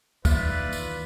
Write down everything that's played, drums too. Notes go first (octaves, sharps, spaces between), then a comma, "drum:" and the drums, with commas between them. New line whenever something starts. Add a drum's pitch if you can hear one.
E2 D#3 A#3 F4 B4 D5 E5, drum: kick, tambourine
drum: tambourine